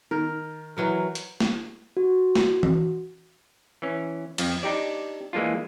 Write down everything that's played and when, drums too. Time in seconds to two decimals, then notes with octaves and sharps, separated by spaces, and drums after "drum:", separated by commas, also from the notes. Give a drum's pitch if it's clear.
0.11 D#3 A#4
0.77 E3 F#3 A#4
1.15 drum: hi-hat
1.40 drum: snare
1.97 F#4
2.35 drum: snare
2.63 drum: tom E3
3.82 E3 C#4
4.38 F2 F3, drum: cymbal
4.63 D4 D#4 G4 D5
5.33 E3 G#3 A#3 D4 F4